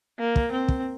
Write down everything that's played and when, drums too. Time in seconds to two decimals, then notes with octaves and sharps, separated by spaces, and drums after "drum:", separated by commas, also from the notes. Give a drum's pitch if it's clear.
0.19 A#3
0.36 drum: kick
0.52 C4
0.68 drum: kick